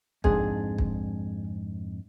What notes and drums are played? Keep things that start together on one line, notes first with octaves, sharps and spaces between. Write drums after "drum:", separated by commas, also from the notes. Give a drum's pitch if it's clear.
F2 G#2 D4 G#4, drum: kick
drum: kick